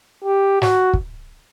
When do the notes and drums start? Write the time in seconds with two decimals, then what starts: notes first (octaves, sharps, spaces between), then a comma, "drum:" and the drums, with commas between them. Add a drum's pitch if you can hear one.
0.24 G4
0.62 F#4, drum: snare
0.93 drum: kick